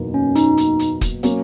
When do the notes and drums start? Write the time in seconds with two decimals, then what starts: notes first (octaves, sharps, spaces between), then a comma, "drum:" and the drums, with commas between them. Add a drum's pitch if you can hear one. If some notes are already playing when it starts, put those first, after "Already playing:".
Already playing: F#1 E2 B2 A#3 D#4
0.14 C#4
0.35 D#4, drum: hi-hat
0.57 drum: hi-hat
0.79 drum: hi-hat
1.01 drum: kick, hi-hat
1.23 F#3 A#3 C#4, drum: hi-hat